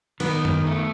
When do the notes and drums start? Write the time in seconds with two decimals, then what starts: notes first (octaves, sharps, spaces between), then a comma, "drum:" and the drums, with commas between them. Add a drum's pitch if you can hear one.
0.20 D#3 B3, drum: cymbal
0.45 drum: tom
0.67 A3